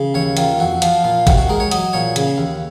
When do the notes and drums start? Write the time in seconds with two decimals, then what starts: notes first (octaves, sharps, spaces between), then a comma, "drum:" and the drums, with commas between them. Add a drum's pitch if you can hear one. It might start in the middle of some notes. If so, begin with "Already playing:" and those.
Already playing: C#3
0.14 D#2 C#5
0.37 D#3 F4, drum: hi-hat
0.59 F2 F#4
0.82 F3 F4, drum: hi-hat
1.04 A#2 F4
1.27 C3 F#4, drum: kick, hi-hat
1.37 F#4
1.49 G#3 A#4
1.60 C#5
1.71 F#3 D#5, drum: hi-hat
1.93 A#2 C#5
2.16 C#3, drum: hi-hat
2.38 D#2